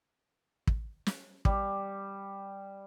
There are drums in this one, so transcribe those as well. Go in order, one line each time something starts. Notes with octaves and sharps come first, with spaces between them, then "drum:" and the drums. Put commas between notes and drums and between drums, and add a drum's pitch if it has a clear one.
drum: kick
drum: snare
G3, drum: kick